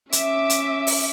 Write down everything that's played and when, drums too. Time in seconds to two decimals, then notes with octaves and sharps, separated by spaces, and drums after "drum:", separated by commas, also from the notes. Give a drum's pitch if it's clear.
0.12 C#4 E5 D6, drum: hi-hat
0.50 drum: hi-hat
0.87 drum: open hi-hat